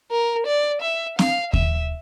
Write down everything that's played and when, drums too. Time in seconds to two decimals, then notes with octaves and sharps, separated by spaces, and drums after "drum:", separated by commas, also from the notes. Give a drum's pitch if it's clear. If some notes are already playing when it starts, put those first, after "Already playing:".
0.11 A#4
0.46 D5
0.82 E5
1.19 F5, drum: snare
1.53 E5, drum: kick D#2